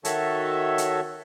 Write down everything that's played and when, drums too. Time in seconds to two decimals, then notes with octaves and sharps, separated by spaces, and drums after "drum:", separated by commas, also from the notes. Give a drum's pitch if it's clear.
0.05 D#3 F#4 A4 C#5 E5 A5, drum: hi-hat
0.78 drum: hi-hat